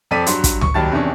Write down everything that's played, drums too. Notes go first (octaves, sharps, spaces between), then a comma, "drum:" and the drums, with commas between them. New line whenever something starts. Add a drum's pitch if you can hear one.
F2 F3 A4 D5 B6 D#7
G2 F#3 C6, drum: hi-hat
drum: kick, hi-hat
C#6, drum: tom C#2
D#2 D#3 F#3 G3 A5 A6
E2 C3 D#3 C#4 D4